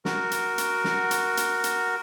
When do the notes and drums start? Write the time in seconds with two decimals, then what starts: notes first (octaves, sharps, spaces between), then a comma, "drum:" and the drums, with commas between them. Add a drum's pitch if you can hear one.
0.05 F#4 A#4, drum: snare
0.31 drum: hi-hat
0.58 drum: hi-hat
0.84 drum: snare
1.11 drum: hi-hat
1.37 drum: hi-hat
1.64 drum: hi-hat